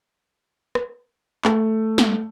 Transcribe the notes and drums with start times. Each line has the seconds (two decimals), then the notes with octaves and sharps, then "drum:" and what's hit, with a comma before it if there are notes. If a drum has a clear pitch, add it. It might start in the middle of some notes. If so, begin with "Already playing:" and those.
0.75 drum: rim click
1.45 A3, drum: clap
1.98 drum: snare